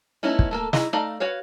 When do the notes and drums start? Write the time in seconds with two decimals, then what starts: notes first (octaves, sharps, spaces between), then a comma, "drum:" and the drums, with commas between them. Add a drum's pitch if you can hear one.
0.23 A3 B3 C#4 D#4 E4
0.39 drum: kick
0.51 A3 A#3 A4
0.73 D#4 E4 G#4 D#5, drum: snare
0.93 A3 D#4 D5 D#5 F5
1.20 F#4 B4 C#5 F5